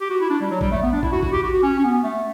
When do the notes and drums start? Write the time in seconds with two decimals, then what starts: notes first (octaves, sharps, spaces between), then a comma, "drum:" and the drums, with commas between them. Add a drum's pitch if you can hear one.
0.01 G4
0.10 F#4
0.21 E4
0.30 D4
0.41 G3
0.51 F#3
0.61 G3, drum: kick
0.72 A3
0.82 B3
0.93 D4
1.03 E4, drum: kick
1.12 F#4
1.23 F#4, drum: kick
1.32 G4
1.43 F#4
1.54 F#4
1.63 C#4
1.79 C#4
1.84 B3
2.04 A3